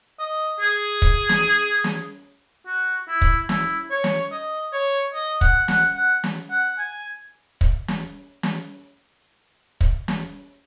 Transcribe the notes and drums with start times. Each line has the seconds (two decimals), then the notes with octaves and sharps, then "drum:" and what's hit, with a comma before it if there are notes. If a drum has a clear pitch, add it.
0.19 D#5
0.61 G#4
1.02 drum: kick
1.29 drum: snare
1.84 drum: snare
2.66 F#4
3.08 E4
3.22 drum: kick
3.49 E4, drum: snare
3.91 C#5
4.04 drum: snare
4.32 D#5
4.73 C#5
5.14 D#5
5.41 F#5, drum: kick
5.68 F#5, drum: snare
5.96 F#5
6.24 drum: snare
6.51 F#5
6.79 G#5
7.61 drum: kick
7.88 drum: snare
8.43 drum: snare
9.81 drum: kick
10.08 drum: snare